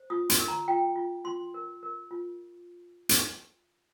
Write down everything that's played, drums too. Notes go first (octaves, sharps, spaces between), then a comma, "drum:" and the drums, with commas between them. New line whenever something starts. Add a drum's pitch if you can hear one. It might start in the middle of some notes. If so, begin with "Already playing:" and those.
Already playing: C5
F4 D#6
C6, drum: hi-hat
A#4
A#5
F4 G5
F4
F4 C6
A#4
A#4
F4
drum: hi-hat